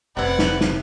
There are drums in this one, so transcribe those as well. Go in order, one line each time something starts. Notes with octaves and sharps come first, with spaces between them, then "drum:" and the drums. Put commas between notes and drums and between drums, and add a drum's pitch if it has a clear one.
F1 C3 E4 B4 D5 F#5
drum: snare
drum: snare